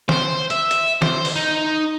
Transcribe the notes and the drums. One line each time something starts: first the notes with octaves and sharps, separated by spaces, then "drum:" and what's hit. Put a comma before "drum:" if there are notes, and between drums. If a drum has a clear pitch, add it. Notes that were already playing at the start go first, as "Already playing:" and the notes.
C5, drum: snare
E5, drum: hi-hat
drum: hi-hat
C5, drum: snare
drum: open hi-hat
D#4